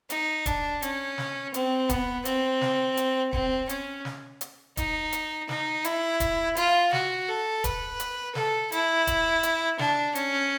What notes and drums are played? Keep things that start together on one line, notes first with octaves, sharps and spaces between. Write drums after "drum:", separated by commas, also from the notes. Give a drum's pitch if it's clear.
D#4, drum: hi-hat
D4, drum: kick D#1, hi-hat
C#4, drum: hi-hat
drum: snare
C4, drum: hi-hat
B3, drum: kick D#1, hi-hat
C4, drum: hi-hat
drum: snare
drum: hi-hat
C4, drum: kick D#1
C#4, drum: hi-hat
drum: snare
drum: hi-hat
D#4, drum: kick D#1, hi-hat
drum: hi-hat
D#4, drum: snare
E4, drum: hi-hat
drum: kick D#1, hi-hat
F4, drum: hi-hat
F#4, drum: snare
A4
B4, drum: kick D#1, hi-hat
drum: hi-hat
A4, drum: snare
E4, drum: hi-hat
drum: kick D#1, hi-hat
drum: hi-hat
D4, drum: snare
C#4, drum: hi-hat